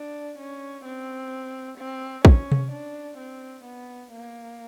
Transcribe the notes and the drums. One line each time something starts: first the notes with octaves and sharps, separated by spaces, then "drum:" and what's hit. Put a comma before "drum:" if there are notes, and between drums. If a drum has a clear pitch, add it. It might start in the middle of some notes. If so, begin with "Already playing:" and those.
Already playing: D4
C#4
C4
C4
C#4, drum: kick
drum: tom C3
D4
C4
B3
A#3